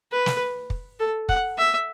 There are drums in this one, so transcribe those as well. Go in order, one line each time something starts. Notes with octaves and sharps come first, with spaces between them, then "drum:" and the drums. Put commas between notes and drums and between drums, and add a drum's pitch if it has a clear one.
B4
drum: snare
drum: kick
A4
F#5, drum: kick
E5